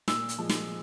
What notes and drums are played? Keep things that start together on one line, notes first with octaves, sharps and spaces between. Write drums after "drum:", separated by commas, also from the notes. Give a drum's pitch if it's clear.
A#2 E6, drum: snare
drum: hi-hat
F3 G#3
drum: snare